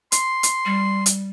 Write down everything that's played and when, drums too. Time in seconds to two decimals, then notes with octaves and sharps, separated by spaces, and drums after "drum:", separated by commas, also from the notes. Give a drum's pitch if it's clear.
0.12 C6, drum: hi-hat
0.43 drum: hi-hat
0.66 G3
1.06 drum: hi-hat